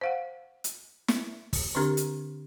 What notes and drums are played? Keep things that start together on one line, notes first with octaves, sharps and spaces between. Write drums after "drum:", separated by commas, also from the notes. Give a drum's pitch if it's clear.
C5 F5 F#5
drum: hi-hat
drum: snare
drum: kick, open hi-hat
D3 C4 D4 G4 A#4 A#5
drum: hi-hat